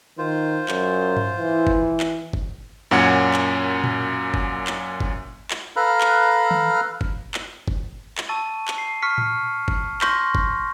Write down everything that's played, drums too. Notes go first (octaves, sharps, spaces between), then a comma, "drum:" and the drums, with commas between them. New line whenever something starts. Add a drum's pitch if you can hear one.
D#3 F4 C5
F#2, drum: clap
drum: tom G2
E3
drum: kick
drum: clap
drum: kick
F#2 A#2 C#4 F#5 G#6 C#7
drum: clap
drum: tom A2
drum: kick
drum: clap
drum: kick
drum: clap
A4 B4 F5 A#5 B5 F6
drum: clap
drum: tom
drum: kick
drum: clap
drum: kick
drum: clap
A5 C#6 E6 A6 D#7
drum: clap
C7
C#6 F6 B6 C#7
drum: tom A2
drum: kick
C6 C#6 F6 G6 A#6 B6, drum: clap
drum: kick